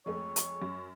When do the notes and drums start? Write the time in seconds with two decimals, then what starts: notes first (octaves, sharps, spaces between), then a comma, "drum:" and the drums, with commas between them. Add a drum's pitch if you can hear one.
0.06 F2 G#3 A3 C#5
0.36 drum: hi-hat
0.62 F#2